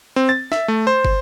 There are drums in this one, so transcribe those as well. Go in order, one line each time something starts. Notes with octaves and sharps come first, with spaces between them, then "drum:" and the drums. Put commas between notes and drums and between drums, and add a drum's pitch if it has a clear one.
C4
A6
E5, drum: snare
A3
C5
drum: kick